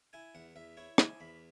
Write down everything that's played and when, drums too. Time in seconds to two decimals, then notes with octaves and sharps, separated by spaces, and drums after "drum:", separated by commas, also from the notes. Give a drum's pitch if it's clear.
0.13 E4 G#5
0.35 E2 F#5
0.56 E2 E5
0.77 E4 C#5
0.98 E4 G#5, drum: rim click
1.20 E2 B5